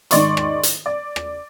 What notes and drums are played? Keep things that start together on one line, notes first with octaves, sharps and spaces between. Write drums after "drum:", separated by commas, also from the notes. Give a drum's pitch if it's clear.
G#2 D#3 D5 D#5 C6 C#6, drum: hi-hat
drum: rim click
drum: hi-hat
D5
drum: rim click